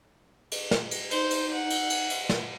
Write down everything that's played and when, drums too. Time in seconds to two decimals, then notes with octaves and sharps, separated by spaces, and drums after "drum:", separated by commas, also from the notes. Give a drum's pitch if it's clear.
0.52 drum: cymbal
0.71 drum: snare
0.91 drum: cymbal
1.11 D#4 C5, drum: cymbal
1.31 drum: cymbal
1.54 F#5
1.70 drum: cymbal
1.90 drum: cymbal
2.10 drum: cymbal
2.29 drum: snare